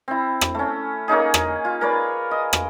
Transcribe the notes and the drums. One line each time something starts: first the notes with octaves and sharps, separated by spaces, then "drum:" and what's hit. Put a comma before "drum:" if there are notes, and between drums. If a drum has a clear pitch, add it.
C4 E4
drum: rim click
A3 C#4
A#3 C#4 D#4 G#4
drum: rim click
F4
A#4 B4 C#5 D5
D#5
drum: rim click